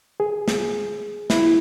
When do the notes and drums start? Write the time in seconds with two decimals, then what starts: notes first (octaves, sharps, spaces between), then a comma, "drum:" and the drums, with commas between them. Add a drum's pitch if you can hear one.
0.20 G#4
0.48 drum: snare
1.30 E4, drum: snare